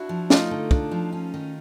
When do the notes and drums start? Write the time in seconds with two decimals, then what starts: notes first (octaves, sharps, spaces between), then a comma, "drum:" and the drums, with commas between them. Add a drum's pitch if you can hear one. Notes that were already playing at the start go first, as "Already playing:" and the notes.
Already playing: D4 E4 F#4
0.09 F3
0.30 A3 D#4 F4, drum: snare
0.51 D3
0.71 D4, drum: kick
0.91 F3
1.12 C#4
1.34 D#3